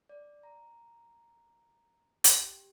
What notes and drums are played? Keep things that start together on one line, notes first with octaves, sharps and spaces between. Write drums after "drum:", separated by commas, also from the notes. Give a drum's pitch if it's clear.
D5
A#5
G4, drum: hi-hat